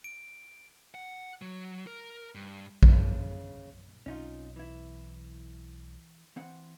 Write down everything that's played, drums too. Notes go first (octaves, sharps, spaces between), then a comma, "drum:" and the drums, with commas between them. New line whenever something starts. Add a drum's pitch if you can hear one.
D7
F#5
F#3
A#4
G2
C#3, drum: kick A#1
B1 C4 C#4 D#4 F4
E3 E4
E3 C4 F#5